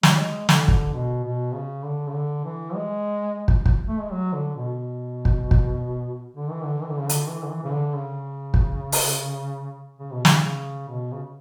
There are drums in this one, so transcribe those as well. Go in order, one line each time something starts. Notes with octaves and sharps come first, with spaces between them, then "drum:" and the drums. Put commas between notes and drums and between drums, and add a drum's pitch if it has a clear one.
G#3, drum: snare
F#3
G#3
D3, drum: snare
drum: kick
B2
B2
C#3
D3
C#3
D3
E3
G#3
drum: kick
drum: kick
A3
G#3
F#3
D3
B2
drum: kick
drum: kick
D3
E3
D3
E3
D3
C#3
D3, drum: hi-hat
E3
D3
E3
C#3
D3
C#3
drum: kick
drum: open hi-hat
C#3
B2
C#3, drum: snare
C#3
B2
C#3